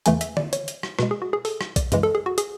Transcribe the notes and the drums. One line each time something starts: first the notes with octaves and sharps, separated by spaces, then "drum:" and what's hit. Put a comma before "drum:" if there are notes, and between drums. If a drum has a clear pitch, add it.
E2 C#3 E3 A3 G#5, drum: hi-hat
E5, drum: hi-hat
D5, drum: tom D3
C#5, drum: hi-hat
drum: hi-hat
drum: rim click
B2 G#3 B4, drum: rim click
G#4
F#4
G#4
A4, drum: open hi-hat
drum: rim click
D5, drum: kick A#1, hi-hat
F#2 C#3 E3 G#3, drum: hi-hat
A4
G#4
F#4
G#4, drum: hi-hat